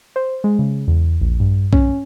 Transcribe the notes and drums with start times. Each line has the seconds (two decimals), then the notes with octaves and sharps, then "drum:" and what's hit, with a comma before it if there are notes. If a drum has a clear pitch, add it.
0.16 C5
0.44 G#3
0.59 C#3
0.88 E2
1.21 A#1
1.40 G2
1.73 C#4, drum: kick B1